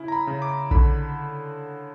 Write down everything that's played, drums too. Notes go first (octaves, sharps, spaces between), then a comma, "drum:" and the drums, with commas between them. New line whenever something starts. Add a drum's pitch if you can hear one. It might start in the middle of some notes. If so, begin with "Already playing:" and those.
Already playing: C#3 E4
A#5
B5
C#3
D6
D3 B5, drum: kick A#1